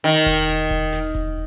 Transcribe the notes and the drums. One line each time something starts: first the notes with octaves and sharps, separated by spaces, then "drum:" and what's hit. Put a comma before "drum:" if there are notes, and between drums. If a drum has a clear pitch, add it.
D#3, drum: hi-hat
drum: kick E1, hi-hat
drum: snare
drum: kick E1, hi-hat
drum: snare
drum: kick E1, hi-hat